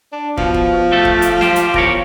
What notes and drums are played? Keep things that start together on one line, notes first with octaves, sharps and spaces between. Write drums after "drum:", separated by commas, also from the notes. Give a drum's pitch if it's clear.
D4
B2 F3, drum: kick
drum: kick
A3 G4 A4
drum: kick
drum: hi-hat
G4 C5, drum: snare
drum: hi-hat
E2 A#4 C#5, drum: kick